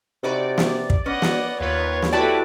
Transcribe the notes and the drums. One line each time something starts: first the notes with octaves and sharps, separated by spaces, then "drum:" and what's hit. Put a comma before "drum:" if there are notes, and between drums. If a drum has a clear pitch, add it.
C3 D#4 F#4 B4 D5
drum: snare
drum: kick
B3 C#4 D#5 F#5
drum: snare
D#2 F4 B4 C#5
drum: snare
A3 E4 F#4 G4 B4 D5 A5 D6